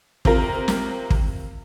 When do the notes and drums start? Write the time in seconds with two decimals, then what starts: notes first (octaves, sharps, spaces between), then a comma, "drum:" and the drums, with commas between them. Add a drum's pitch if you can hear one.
0.25 C3 F4 A#4, drum: kick
0.68 drum: snare
1.10 drum: kick